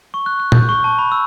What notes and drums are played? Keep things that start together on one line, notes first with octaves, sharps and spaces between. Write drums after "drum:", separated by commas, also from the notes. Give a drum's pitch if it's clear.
C#6
F#6
F#6
G6, drum: tom A#2
C#6
A5
B5
E6